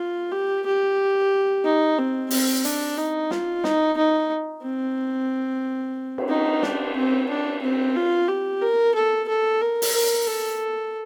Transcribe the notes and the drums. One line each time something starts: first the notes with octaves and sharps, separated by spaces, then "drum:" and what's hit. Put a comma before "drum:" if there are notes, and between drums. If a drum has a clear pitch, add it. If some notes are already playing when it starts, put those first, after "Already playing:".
Already playing: F4
G4
G4
D#4
C4
C4, drum: open hi-hat
D4, drum: hi-hat
D#4
F4, drum: snare
D#4, drum: snare
D#4
C4
drum: cymbal
D#4
D4, drum: snare
C4
D4
C4
F4
G4
A#4
A4
A4
A#4
drum: open hi-hat
A#4
A4